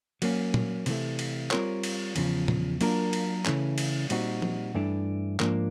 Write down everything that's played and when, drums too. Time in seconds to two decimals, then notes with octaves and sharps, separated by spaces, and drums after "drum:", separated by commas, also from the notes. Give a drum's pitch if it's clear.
0.22 F#3 A#3 C#4, drum: cymbal
0.54 drum: tom
0.86 C3 E3 A3, drum: cymbal
1.19 drum: cymbal
1.51 G3 C4 F4 A#4 C#5, drum: clap
1.83 drum: cymbal
2.16 E2 C#3 F3, drum: cymbal
2.48 drum: tom
2.81 F#3 A#3 D4 F4 A#4, drum: cymbal
3.13 drum: cymbal
3.46 C#3 E3 A3 C#4, drum: clap
3.78 drum: cymbal
4.10 A#2 G3 C4 D#4 F#4, drum: cymbal
4.42 drum: tom F3
4.75 G2 E3 A3 D4
5.40 G#2 F3 A#3 D4, drum: clap